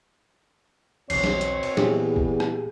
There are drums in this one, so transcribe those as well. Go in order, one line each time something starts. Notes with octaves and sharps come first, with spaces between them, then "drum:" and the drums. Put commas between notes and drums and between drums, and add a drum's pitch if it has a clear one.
B1 E2 B2 C4 C#5 C7, drum: cymbal
drum: snare
drum: hi-hat
drum: cymbal
E2 A#2 G4 G#4, drum: snare
drum: kick
drum: rim click